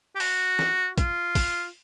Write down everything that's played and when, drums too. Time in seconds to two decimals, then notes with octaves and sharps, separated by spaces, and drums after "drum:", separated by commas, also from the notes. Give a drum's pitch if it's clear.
0.16 G4
0.20 F#4, drum: open hi-hat
0.59 drum: snare
0.98 F4, drum: kick, hi-hat
1.35 drum: kick, open hi-hat